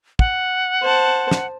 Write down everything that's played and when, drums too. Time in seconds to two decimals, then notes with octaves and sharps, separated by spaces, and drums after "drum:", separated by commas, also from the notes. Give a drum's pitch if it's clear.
0.19 F#5, drum: kick
0.81 C5 A5
1.31 drum: snare